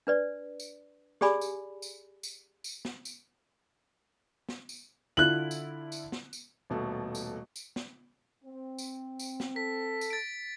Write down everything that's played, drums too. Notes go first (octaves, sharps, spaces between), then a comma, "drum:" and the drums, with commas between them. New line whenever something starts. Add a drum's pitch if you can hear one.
D4 B4 D5
drum: tambourine
G4 G#4 D5 G#5 B5, drum: snare
drum: tambourine
drum: tambourine
drum: tambourine
drum: tambourine
drum: snare
drum: tambourine
drum: snare
drum: tambourine
D3 E4 F4 F#6 F#7
drum: tambourine
drum: tambourine
drum: snare
drum: tambourine
D#1 B2 A3 A4
drum: tambourine
drum: tambourine
drum: snare
C4
drum: tambourine
drum: tambourine
drum: snare
A4 B6
drum: tambourine
A6 D7